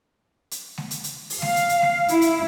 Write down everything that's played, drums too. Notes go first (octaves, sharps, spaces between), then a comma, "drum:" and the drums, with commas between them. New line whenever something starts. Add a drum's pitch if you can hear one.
drum: hi-hat
drum: snare G#3
drum: hi-hat
drum: hi-hat
drum: open hi-hat
F5, drum: snare G#3
drum: hi-hat
drum: hi-hat
drum: snare G#3
E4, drum: hi-hat
drum: hi-hat